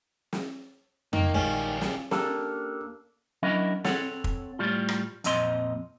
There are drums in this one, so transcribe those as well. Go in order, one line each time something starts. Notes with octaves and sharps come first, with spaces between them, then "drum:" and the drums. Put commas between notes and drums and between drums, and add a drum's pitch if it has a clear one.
drum: snare
D#3 A#3, drum: tom F2
A#1 G3 G#3 C#4 F4
drum: snare
A#3 C#4 D4 G4 A4 A#4, drum: snare
F#3 C#4 D4 E4 A#4 D#5
C4 A4 C#5 F#5, drum: snare
drum: kick
A2 G3 F4
drum: rim click
F2 A#2 C4 D#5 C6, drum: hi-hat